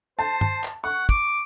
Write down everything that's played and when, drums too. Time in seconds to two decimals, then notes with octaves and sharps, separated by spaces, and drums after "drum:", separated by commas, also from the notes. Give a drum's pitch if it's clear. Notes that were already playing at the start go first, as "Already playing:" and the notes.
0.19 C5 A5
0.41 drum: tom G2
0.64 drum: clap
0.84 F#5 C#6
1.09 D6, drum: kick